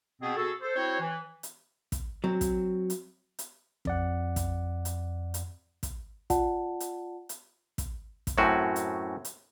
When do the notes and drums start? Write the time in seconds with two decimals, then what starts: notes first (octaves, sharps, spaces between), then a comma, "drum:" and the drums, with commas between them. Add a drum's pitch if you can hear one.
0.21 B2 B3 C4 G#4
0.37 F#4 G#4 A4
0.61 A4 C5
0.75 C4 E4 F#4 C5 C#5
0.99 E3
1.43 drum: hi-hat
1.92 drum: kick, hi-hat
2.24 F#3 C4
2.41 drum: kick, hi-hat
2.90 drum: hi-hat
3.39 drum: hi-hat
3.85 F2 D5 F#5, drum: kick
4.36 drum: kick, hi-hat
4.85 drum: hi-hat
5.34 drum: hi-hat
5.83 drum: kick, hi-hat
6.30 F4 D5 F#5 A5, drum: kick, hi-hat
6.80 drum: hi-hat
7.29 drum: hi-hat
7.78 drum: kick, hi-hat
8.27 drum: kick, hi-hat
8.38 F#2 A2 C4 C#4 F#4
8.76 drum: hi-hat
9.25 drum: hi-hat